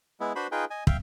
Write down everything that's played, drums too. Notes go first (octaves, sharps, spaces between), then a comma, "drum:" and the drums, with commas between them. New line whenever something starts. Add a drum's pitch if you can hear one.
G#3 B3 E4
D4 F#4 B4 C5 B5 C6
D#4 F4 G#4 B4 G5
D#5 G#5
E5 F5 G5, drum: kick